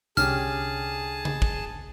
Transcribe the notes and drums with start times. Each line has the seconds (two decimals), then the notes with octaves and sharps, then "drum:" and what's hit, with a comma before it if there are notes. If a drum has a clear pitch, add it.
0.17 C2 D3 C#4 G4 G#4 A5 F6, drum: tambourine
1.25 drum: tom C#3
1.42 drum: kick